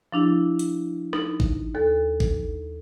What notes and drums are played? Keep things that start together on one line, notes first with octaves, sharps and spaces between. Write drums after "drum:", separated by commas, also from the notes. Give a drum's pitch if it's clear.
F3 D4 E4 G4
drum: hi-hat
D#4, drum: rim click
drum: kick G#1
D#2 A4
drum: kick G#1